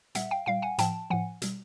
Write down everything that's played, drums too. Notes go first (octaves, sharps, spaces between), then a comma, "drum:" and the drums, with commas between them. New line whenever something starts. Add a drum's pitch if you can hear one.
A#2 G3 E5 F#5, drum: hi-hat
F5 G5
A#2 G3 F5 G5
F#5 G#5
A2 F3 G5 A5, drum: hi-hat
A2 F3 F#5 G#5
B2 G3, drum: hi-hat